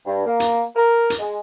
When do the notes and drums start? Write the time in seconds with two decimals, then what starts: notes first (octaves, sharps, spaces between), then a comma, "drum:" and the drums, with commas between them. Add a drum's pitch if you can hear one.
0.05 G2
0.25 A#3
0.40 drum: hi-hat
0.76 A#4
1.10 drum: hi-hat
1.19 G#3